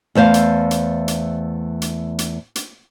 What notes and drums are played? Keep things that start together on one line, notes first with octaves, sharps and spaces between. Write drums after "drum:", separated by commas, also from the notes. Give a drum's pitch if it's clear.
E2 A3 C5 F5
drum: hi-hat
drum: hi-hat
drum: hi-hat
drum: hi-hat
drum: hi-hat
drum: hi-hat